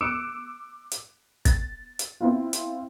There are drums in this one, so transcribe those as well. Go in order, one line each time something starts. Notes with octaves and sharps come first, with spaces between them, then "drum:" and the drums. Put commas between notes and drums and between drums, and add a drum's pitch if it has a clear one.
D6 E6 F#6 C#7 D7 E7
drum: hi-hat
A6, drum: kick, hi-hat
drum: hi-hat
C4 E4 F4
drum: hi-hat